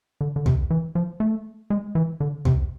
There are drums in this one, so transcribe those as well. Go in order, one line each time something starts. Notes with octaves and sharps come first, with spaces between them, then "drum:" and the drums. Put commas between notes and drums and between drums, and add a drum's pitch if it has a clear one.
D3
D3
C3, drum: tom
E3
F3
A3
G#3
E3
D3
C3, drum: tom